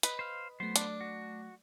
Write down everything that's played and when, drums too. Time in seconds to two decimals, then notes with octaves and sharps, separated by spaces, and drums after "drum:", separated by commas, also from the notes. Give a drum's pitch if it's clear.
0.03 B4 D#5, drum: hi-hat
0.19 C5 F5
0.60 F#3 A3 B3 C5
0.76 D4, drum: hi-hat
1.01 F#4